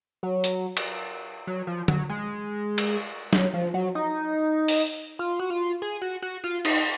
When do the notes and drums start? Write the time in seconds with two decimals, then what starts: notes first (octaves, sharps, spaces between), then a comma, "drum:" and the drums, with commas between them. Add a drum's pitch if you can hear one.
0.23 F#3
0.44 drum: hi-hat
0.77 drum: cymbal
1.47 F#3
1.67 F3
1.88 F#3, drum: tom
2.09 G#3
2.78 drum: cymbal
3.33 F#3, drum: snare
3.54 F3
3.74 F#3
3.95 D#4
4.68 drum: open hi-hat
5.19 F4
5.39 F#4
5.50 F4
5.82 G#4
6.02 F#4
6.22 F#4
6.44 F4
6.65 D#4, drum: cymbal